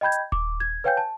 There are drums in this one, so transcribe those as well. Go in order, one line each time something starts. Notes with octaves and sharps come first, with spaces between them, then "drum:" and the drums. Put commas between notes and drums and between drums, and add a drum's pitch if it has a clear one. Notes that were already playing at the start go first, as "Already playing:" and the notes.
D#5 G5 B5 G6 G#6
drum: hi-hat
D6, drum: kick D#1
G#6
B4 C#5 F5 G5 G#5 G6
A5